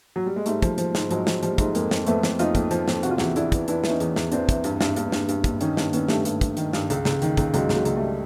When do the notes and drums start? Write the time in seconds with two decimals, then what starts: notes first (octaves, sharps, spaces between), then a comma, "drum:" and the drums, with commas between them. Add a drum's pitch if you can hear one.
0.16 F#3
0.26 G3
0.36 G#3
0.46 G#2 G3 A3, drum: hi-hat
0.62 F3, drum: kick, hi-hat
0.78 F3, drum: hi-hat
0.95 G#2, drum: snare
1.11 F3 F#3 G#3, drum: hi-hat
1.27 F3 F#3, drum: snare
1.43 F3 G3, drum: hi-hat
1.58 G#2 G3 A3, drum: kick, hi-hat
1.75 F2 G#3 A#3, drum: hi-hat
1.91 F2, drum: snare
2.06 F2 A3 B3, drum: hi-hat
2.23 F2, drum: snare
2.39 F2 D#4 F4, drum: hi-hat
2.55 F2, drum: kick, hi-hat
2.71 F3, drum: hi-hat
2.88 F2, drum: snare
3.03 C3 F#4, drum: hi-hat
3.11 F4
3.18 E2 E4 F#4, drum: snare
3.36 E2 D4 E4, drum: hi-hat
3.52 E3, drum: kick, hi-hat
3.68 E3 D4 E4, drum: hi-hat
3.84 E3, drum: snare
3.89 C#4 D#4
4.00 E2, drum: hi-hat
4.16 E2, drum: snare
4.32 E3 C4 D4, drum: hi-hat
4.49 E3, drum: kick, hi-hat
4.64 G2, drum: hi-hat
4.81 G2, drum: snare
4.96 G2, drum: hi-hat
5.12 G2, drum: snare
5.29 G2, drum: hi-hat
5.44 G2, drum: kick, hi-hat
5.61 D#3 C#4 D#4, drum: hi-hat
5.77 G2, drum: snare
5.93 D#3 B3 C#4, drum: hi-hat
6.08 G2 G3 A3, drum: snare
6.25 G2, drum: hi-hat
6.41 G2, drum: kick, hi-hat
6.57 D#3, drum: hi-hat
6.73 G2, drum: snare
6.90 C#2, drum: hi-hat
7.05 C#2, drum: snare
7.22 D#3, drum: hi-hat
7.37 C#2, drum: kick, hi-hat
7.54 C#2 F#3 G#3, drum: hi-hat
7.69 C#2, drum: snare
7.75 F#3 G#3
7.85 C#2, drum: hi-hat
7.97 G3 A3